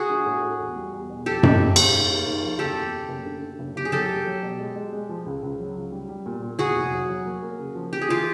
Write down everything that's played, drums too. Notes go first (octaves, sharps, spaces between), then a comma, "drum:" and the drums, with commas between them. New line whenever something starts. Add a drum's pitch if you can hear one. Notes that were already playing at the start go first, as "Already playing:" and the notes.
Already playing: F#4 G#4
A#1
A2
A3
E2
G3
E2
B2
F2 G4 A4
F2, drum: tom F#2
C#3
C#3, drum: cymbal
D#2
A#3
D#2
F3
F#1 G4 A4
E2
C#3
F#1
D3
D3
F#1
F#1 G4
G#4
F#3 G4 A4
A3
F#3
B2
G#3
G#3
G#3
F3
C#2
C#2
F#3
C#2
G3
G3
A#2
A#2
E2 F#4 G#4
F1
F#3
F#3
A#3
A#3
C#3
F3
C#3 G4
G#4
E3 F4 G4